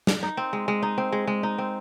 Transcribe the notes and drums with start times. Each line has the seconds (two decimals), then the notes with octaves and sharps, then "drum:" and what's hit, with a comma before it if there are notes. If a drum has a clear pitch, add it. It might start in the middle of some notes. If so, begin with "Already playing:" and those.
0.07 drum: snare
0.23 D#4
0.37 C4
0.53 G#3
0.68 G#3
0.82 D#4
0.98 C4
1.12 G#3
1.27 G#3
1.43 D#4
1.58 C4